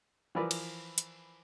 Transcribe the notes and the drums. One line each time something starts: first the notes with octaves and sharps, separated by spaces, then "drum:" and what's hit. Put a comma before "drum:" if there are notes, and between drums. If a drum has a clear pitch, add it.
E3 F3 A#4 B4 D5
drum: cymbal
drum: hi-hat